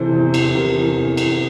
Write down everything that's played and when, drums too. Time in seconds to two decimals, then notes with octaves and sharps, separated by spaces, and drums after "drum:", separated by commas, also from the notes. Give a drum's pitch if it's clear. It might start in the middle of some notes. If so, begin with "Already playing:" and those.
Already playing: C3 E3 A4 C5
0.13 E2
0.34 E2, drum: cymbal
0.55 C3 G4 A#4
0.76 E3
0.96 E2
1.17 E2, drum: cymbal